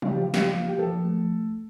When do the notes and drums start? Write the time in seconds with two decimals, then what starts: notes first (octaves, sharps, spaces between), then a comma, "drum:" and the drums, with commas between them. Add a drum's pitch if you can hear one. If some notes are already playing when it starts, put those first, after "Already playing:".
0.02 C#3 F4, drum: tom E3
0.09 G4
0.16 F4
0.28 F3
0.34 G4, drum: snare
0.41 F4
0.53 A#3
0.68 G4
0.79 F3 A4
1.05 A3